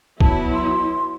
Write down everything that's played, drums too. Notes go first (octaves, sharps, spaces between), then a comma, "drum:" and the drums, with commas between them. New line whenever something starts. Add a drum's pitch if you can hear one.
F#3 B3 E4 A5, drum: kick
C6